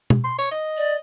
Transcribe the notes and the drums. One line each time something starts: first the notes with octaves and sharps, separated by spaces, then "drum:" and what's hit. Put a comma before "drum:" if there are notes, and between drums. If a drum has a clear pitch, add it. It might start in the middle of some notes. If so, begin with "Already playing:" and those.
drum: tom
C6
C#5
D#5
D5